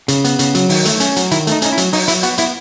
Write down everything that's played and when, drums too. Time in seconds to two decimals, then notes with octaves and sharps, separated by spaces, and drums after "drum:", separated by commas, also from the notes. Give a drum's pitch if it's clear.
0.08 C#3, drum: hi-hat
0.25 B3, drum: hi-hat
0.39 C#3, drum: hi-hat
0.55 F#3, drum: hi-hat
0.69 D#3, drum: open hi-hat
0.85 A3, drum: hi-hat
1.00 C#4, drum: hi-hat
1.16 F#3, drum: hi-hat
1.31 D#3 E4, drum: hi-hat
1.47 A3 D#4, drum: hi-hat
1.62 C#4 D#4, drum: hi-hat
1.72 E4
1.78 F#3, drum: hi-hat
1.93 F#3 D#4, drum: open hi-hat
2.08 F#3 E4, drum: hi-hat
2.23 B3 F#4, drum: hi-hat
2.38 B3 E4, drum: hi-hat